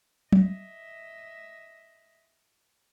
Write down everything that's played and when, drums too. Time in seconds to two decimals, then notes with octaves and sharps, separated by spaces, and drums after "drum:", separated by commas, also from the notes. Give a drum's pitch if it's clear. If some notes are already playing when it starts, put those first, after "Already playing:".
0.32 D#5 E5, drum: tom